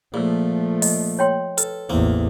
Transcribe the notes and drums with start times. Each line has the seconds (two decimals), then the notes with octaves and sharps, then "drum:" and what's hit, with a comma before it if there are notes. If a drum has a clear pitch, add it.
0.14 A#2 F3 A3 G#4 E6
0.82 D#5, drum: open hi-hat
1.19 C#5 G5 C6
1.58 A4 B4, drum: hi-hat
1.90 A1 E2 A#3 C4